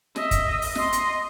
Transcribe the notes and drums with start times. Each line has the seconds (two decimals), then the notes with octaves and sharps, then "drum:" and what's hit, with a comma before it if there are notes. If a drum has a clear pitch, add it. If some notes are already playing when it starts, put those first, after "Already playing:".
0.16 D#5 E5, drum: snare
0.31 drum: kick, hi-hat
0.62 drum: open hi-hat
0.75 D#5 C6, drum: snare
0.93 drum: hi-hat